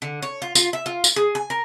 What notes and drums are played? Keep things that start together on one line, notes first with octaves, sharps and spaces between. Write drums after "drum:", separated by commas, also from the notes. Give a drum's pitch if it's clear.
D3
C#5
F4
F4, drum: tambourine
E5
F4
drum: tambourine
G#4
G#5
A#4